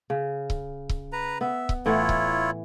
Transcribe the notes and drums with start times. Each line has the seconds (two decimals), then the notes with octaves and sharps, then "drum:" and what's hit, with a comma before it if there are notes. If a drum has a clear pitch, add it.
0.10 C#3
0.50 drum: kick C#1
0.89 drum: kick C#1
1.12 B4 A#5
1.41 B3 E5
1.69 drum: kick C#1
1.86 A2 E3 E4 F4 C#5 F#5
2.09 drum: kick C#1